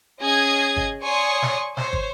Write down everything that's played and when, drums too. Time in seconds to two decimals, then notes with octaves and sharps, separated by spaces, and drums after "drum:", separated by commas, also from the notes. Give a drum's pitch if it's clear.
0.20 C#4 G#4 D#5 D#6 G#6
0.77 drum: kick
1.02 C#5 D5 G#5 C6 C#6 D#6
1.42 drum: snare
1.77 C5 C#5, drum: snare
1.93 drum: kick